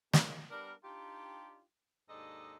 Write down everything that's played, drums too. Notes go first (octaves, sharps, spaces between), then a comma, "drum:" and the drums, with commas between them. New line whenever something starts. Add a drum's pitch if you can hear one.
G#2 G#3 A#3 D#4 A#4 C#5, drum: snare
G3 B3 D4 A#4
D4 D#4 F4 G4
D#2 G#2 D4 A4 D#5